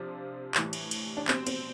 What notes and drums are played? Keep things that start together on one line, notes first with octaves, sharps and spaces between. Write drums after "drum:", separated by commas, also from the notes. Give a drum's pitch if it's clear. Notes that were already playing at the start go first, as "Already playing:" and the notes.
Already playing: C3 F3 D4
A2 E3 G3, drum: clap
drum: cymbal
drum: cymbal
D4
B2 G3 C4, drum: clap
C4, drum: cymbal